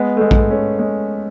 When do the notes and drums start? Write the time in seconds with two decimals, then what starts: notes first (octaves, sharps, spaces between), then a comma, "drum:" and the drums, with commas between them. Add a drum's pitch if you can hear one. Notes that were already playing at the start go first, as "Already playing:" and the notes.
Already playing: G#3 B3
0.17 A3
0.21 G#3 B3
0.31 drum: kick A#1
0.50 A3 C#4
0.79 G#3